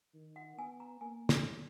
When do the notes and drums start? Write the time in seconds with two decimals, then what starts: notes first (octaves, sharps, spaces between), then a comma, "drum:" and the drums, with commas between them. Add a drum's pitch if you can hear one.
0.14 D#3
0.36 F#5
0.58 B3 G#5
0.80 A#5
1.01 A#3 G#5
1.29 drum: snare